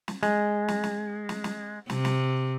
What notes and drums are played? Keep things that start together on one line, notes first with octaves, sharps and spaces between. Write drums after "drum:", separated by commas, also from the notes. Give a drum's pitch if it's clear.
drum: snare
G#3, drum: snare
drum: snare
drum: snare
drum: snare
drum: snare
C3, drum: snare
drum: snare